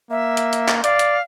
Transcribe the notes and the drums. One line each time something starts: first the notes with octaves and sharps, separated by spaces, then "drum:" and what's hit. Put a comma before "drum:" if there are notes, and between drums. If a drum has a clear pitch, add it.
A#3 E5
drum: hi-hat
drum: hi-hat
drum: clap
D5 F5, drum: hi-hat
drum: hi-hat